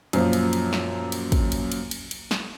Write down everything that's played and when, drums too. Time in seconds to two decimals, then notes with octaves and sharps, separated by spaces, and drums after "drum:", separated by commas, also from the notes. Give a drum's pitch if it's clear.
0.13 F#2 A#2 F3, drum: cymbal
0.33 drum: cymbal
0.53 drum: cymbal
0.73 drum: snare
1.12 drum: cymbal
1.32 drum: kick, cymbal
1.52 drum: cymbal
1.72 drum: cymbal
1.91 drum: cymbal
2.11 drum: cymbal
2.31 drum: snare